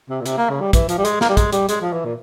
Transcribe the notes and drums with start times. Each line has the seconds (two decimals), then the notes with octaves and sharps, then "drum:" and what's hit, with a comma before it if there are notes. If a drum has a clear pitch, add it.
0.10 C3
0.21 A#2
0.26 C3, drum: hi-hat
0.38 A#3
0.50 C#3
0.61 G3
0.73 E3, drum: kick, hi-hat
0.89 F3, drum: hi-hat
0.98 G3
1.05 G#3, drum: hi-hat
1.21 A#3, drum: snare
1.29 G3
1.37 G#3, drum: kick, hi-hat
1.53 G3, drum: hi-hat
1.69 G#3, drum: hi-hat
1.81 F3
1.93 E3
2.05 A#2